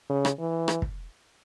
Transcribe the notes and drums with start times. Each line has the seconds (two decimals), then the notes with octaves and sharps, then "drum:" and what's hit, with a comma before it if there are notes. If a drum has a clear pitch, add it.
0.10 C#3
0.25 drum: rim click
0.39 E3
0.68 drum: rim click
0.82 drum: kick